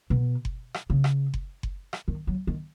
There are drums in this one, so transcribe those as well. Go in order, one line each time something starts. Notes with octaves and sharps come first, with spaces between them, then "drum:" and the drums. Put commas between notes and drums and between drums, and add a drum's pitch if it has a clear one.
B2
drum: kick F#1
drum: rim click
C#3
drum: rim click
drum: kick F#1
drum: kick F#1
drum: rim click
D#3
F#3
D#3